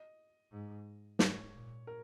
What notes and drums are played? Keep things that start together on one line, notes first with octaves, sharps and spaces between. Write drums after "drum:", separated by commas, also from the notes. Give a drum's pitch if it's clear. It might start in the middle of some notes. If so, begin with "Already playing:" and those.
Already playing: D#5
G#2
G#2 C#5, drum: snare
A#2
A#4